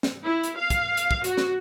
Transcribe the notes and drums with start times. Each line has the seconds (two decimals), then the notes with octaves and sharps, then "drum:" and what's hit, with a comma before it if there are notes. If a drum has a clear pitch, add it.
0.03 drum: snare
0.22 E4
0.44 drum: hi-hat
0.57 F5
0.70 drum: kick, hi-hat
0.97 drum: hi-hat
1.11 drum: kick
1.24 F#4, drum: hi-hat
1.37 drum: snare